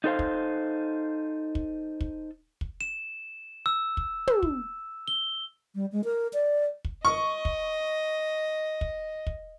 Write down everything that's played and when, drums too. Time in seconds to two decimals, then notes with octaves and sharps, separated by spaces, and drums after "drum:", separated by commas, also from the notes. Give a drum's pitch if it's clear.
0.04 D#4 A4 C5 F5
0.19 drum: kick
1.55 drum: kick
2.01 drum: kick
2.61 drum: kick
2.81 E7
3.66 E6
3.97 drum: kick
4.27 drum: tom
4.43 drum: kick
5.08 G7
5.75 G3
5.92 G#3
6.04 A#4
6.33 D5
6.85 drum: kick
7.05 D#5 C#6
7.45 drum: kick
8.81 drum: kick
9.27 drum: kick